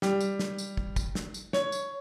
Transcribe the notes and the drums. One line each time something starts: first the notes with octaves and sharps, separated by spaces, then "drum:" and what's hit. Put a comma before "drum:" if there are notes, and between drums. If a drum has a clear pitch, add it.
G3, drum: snare
drum: tambourine
drum: snare
drum: tambourine
drum: kick
drum: kick, tambourine
drum: snare
drum: tambourine
C#5, drum: snare
drum: tambourine